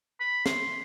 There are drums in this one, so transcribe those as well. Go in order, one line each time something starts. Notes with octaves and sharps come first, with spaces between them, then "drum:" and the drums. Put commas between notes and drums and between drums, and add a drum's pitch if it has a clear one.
B5
C6, drum: snare